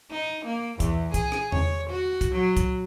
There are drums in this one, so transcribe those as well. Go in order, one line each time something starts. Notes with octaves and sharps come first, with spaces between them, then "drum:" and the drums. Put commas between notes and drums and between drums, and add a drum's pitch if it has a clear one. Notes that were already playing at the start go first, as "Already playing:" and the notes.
D#4
A#3
E2, drum: kick C2, hi-hat
G#4, drum: kick C2, hi-hat
drum: rim click
C#5, drum: tom E2
F#4
drum: kick C2, hi-hat
F#3
drum: kick C2, hi-hat